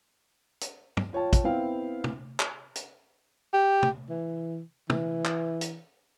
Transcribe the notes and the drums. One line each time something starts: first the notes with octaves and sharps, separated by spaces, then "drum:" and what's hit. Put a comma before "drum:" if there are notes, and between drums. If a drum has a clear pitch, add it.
drum: hi-hat
drum: tom
F4 C#5 G5 A5
drum: kick, hi-hat
B3 C4 E4 F5 G5
drum: tom
drum: clap
drum: hi-hat
G4
drum: tom
E3
E3, drum: tom
drum: clap
drum: hi-hat